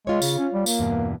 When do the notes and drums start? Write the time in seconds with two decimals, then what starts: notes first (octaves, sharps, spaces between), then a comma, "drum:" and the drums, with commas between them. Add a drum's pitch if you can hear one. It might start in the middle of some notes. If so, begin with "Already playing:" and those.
0.07 G#3 F4 C#5
0.22 C#3, drum: tambourine
0.38 C#4
0.52 G3
0.66 A#3, drum: tambourine
0.79 E2 G2 B2